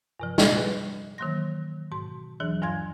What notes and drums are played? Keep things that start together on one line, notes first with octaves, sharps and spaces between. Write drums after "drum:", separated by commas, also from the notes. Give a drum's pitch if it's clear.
G2 C3 F3
drum: snare
G#4 B4
D#3 E3 F#3 A#3 C6 A#6
G#2 B2 C6
D#2 E3 F#3 D4 G#4
G2 F3 F5 G#5 C6 G#6